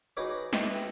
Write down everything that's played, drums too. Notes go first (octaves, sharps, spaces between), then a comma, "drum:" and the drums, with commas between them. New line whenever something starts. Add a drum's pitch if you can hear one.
D#4 F#4 G#4 B4 C#5 D6
E4 B4 D#5 F#5 G5, drum: snare